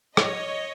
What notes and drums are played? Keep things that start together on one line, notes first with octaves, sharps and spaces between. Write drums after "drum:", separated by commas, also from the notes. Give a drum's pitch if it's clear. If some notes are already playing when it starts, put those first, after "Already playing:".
C#5 D#5, drum: rim click